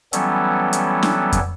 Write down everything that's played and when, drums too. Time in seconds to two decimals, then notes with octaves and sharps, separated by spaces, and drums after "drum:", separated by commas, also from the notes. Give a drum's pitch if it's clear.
0.13 E3 F#3 G3 B3 C#4 A4, drum: hi-hat
0.73 drum: hi-hat
1.03 drum: snare
1.33 drum: kick F2, hi-hat